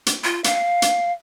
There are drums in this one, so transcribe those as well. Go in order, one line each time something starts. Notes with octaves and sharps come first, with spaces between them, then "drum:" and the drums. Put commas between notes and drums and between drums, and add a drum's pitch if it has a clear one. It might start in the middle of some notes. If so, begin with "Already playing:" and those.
drum: hi-hat
F4
F5, drum: hi-hat
drum: hi-hat